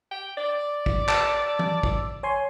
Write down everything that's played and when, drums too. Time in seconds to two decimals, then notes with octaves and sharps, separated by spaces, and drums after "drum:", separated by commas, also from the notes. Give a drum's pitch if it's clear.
0.11 G5
0.38 D5
0.86 drum: kick
1.08 A5 D6 E6, drum: clap
1.59 drum: tom E3
1.83 drum: kick
2.23 C#5 G#5 C6